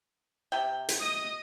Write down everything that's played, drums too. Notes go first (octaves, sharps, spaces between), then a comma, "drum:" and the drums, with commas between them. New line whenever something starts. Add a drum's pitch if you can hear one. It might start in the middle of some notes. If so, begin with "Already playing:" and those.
C3 G5
drum: hi-hat
D#5 D#6